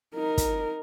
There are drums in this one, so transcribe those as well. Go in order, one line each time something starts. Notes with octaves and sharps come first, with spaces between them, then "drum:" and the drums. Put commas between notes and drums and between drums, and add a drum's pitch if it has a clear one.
D#4 A#4
drum: kick, hi-hat